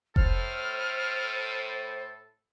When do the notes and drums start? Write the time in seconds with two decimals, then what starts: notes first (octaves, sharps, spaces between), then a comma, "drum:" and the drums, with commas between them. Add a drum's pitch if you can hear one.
0.16 A2 A4 C5 F6, drum: kick F1